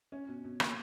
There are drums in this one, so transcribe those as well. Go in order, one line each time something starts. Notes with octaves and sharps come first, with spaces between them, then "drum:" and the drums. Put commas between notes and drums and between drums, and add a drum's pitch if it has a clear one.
C#4
B2
B2
A#3, drum: rim click